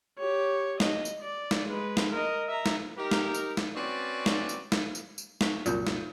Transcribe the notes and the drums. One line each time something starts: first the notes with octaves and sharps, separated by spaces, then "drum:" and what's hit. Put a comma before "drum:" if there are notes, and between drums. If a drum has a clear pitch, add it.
G4 C#5
D#5, drum: snare
drum: tambourine
D5
drum: snare
G#3 B4
drum: snare
A#4 D#5
E5 A#5
drum: snare
D#4 G4 A#4
drum: snare
drum: tambourine
drum: snare
C4 C#4 F#4 B4 D5
drum: snare
drum: tambourine
drum: snare
drum: tambourine
drum: tambourine
C#6 B6, drum: snare
C2 F#2 A#2 F4 G6, drum: tambourine
drum: snare